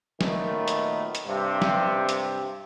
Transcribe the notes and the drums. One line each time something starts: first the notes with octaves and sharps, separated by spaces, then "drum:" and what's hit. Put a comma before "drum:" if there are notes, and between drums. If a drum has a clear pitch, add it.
A#2 D#3 F#3 A3 B3, drum: snare
drum: hi-hat
drum: hi-hat
G2 C3
drum: snare
drum: hi-hat